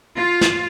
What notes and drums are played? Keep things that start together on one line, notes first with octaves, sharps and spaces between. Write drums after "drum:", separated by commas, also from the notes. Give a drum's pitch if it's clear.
F4
drum: snare